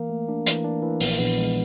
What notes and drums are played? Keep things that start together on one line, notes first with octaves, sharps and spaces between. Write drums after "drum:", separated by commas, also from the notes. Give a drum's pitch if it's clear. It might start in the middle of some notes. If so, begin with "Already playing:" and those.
Already playing: E3 A#3
A3
D4
E3, drum: hi-hat
D4
E3
A#1 B3, drum: open hi-hat
A#3
A#1 B3
G#3